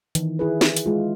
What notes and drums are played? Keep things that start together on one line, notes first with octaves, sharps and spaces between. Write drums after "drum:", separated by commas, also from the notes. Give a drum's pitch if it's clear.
D#3 E3, drum: hi-hat
E4 G#4 B4
drum: snare
drum: hi-hat
G#3 F4